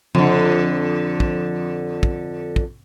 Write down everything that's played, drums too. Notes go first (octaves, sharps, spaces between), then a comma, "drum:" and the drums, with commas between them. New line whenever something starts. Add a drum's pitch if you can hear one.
F2 D3, drum: tom C#3
drum: kick
drum: kick
drum: kick